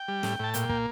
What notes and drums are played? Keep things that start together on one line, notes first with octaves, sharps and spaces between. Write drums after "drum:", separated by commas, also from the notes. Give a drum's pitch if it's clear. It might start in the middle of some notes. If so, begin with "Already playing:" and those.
Already playing: G5
G3
A2, drum: snare
A2 A5
A#2 G5, drum: hi-hat
A#3, drum: kick